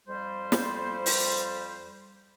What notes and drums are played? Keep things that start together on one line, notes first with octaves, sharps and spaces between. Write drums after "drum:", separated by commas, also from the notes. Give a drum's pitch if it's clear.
F2 G3 C5
drum: snare
drum: open hi-hat